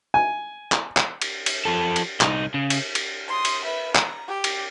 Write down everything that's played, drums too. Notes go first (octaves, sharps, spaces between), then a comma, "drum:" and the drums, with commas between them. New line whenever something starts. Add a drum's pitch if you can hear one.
G#5
drum: clap
drum: clap
drum: cymbal
drum: cymbal
F3 A4
drum: cymbal
C2 D#4, drum: clap
C#3
drum: cymbal
drum: cymbal
C6 D#6
drum: cymbal
B4 E5
A#5, drum: clap
G4
drum: cymbal